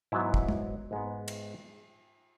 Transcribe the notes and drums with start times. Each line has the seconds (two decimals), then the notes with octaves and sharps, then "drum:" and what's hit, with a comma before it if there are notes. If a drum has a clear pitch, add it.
0.12 G#2 F#3 B3 E4
0.34 drum: kick
0.48 drum: tom
0.91 G#2 G#3 B3
1.28 drum: cymbal